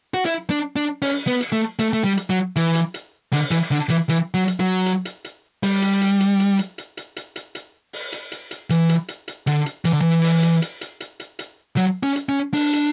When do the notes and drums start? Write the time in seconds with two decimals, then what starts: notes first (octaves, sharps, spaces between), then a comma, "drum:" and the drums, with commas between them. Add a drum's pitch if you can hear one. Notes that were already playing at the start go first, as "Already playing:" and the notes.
0.14 F#4
0.25 E4, drum: hi-hat
0.50 D4
0.76 D4
1.02 C#4, drum: open hi-hat
1.27 B3
1.41 drum: hi-hat
1.53 A3
1.79 A3, drum: hi-hat
1.93 A3
2.04 G3
2.17 drum: hi-hat
2.30 F#3
2.56 E3, drum: hi-hat
2.75 drum: hi-hat
2.94 drum: hi-hat
3.33 D3, drum: open hi-hat
3.51 E3, drum: hi-hat
3.71 D3
3.90 E3, drum: hi-hat
4.09 E3, drum: hi-hat
4.34 F#3
4.48 drum: hi-hat
4.60 F#3
4.86 drum: hi-hat
5.05 drum: hi-hat
5.24 drum: hi-hat
5.63 G3, drum: open hi-hat
5.82 drum: hi-hat
6.01 drum: hi-hat
6.20 drum: hi-hat
6.40 drum: hi-hat
6.59 drum: hi-hat
6.78 drum: hi-hat
6.97 drum: hi-hat
7.16 drum: hi-hat
7.36 drum: hi-hat
7.55 drum: hi-hat
7.93 drum: open hi-hat
8.12 drum: hi-hat
8.32 drum: hi-hat
8.51 drum: hi-hat
8.70 E3, drum: hi-hat
8.89 drum: hi-hat
9.08 drum: hi-hat
9.28 drum: hi-hat
9.47 D3, drum: hi-hat
9.66 drum: hi-hat
9.85 E3, drum: hi-hat
9.93 D3
10.01 E3
10.24 drum: open hi-hat
10.43 drum: hi-hat
10.62 drum: hi-hat
10.81 drum: hi-hat
11.00 drum: hi-hat
11.20 drum: hi-hat
11.39 drum: hi-hat
11.77 F#3, drum: hi-hat
12.03 C#4
12.16 drum: hi-hat
12.29 C#4
12.54 D4, drum: open hi-hat
12.73 drum: hi-hat